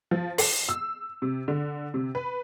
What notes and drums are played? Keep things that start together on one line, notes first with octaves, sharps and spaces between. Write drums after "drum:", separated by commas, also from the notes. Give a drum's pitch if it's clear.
F3
C7, drum: open hi-hat
E6
C3
D3
C3
B4